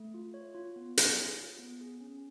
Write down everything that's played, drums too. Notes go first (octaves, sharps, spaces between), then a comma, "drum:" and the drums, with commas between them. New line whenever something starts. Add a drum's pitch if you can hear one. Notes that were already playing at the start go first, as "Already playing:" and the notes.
Already playing: A3
F4
C#5
F4
B3
G#4, drum: hi-hat
C#5
F4
B3
G#4
C#4